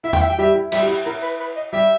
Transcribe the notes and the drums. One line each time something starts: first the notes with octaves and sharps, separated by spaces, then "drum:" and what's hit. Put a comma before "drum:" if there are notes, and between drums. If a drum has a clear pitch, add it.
E4 E5
G5, drum: tom E2
E5
G5
G3 G4 E5
E4
G3 G4 E5, drum: cymbal
G4
E4
E4 A#4
B4
B4
D#5
G3 G4 E5